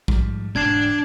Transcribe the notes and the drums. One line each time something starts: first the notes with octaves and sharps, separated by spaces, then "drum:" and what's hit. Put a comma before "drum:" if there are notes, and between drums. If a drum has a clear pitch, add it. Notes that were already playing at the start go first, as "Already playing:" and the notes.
G#2 F3 G3, drum: kick A#1
E1 D2 G#2 D4 G#6 C7 E7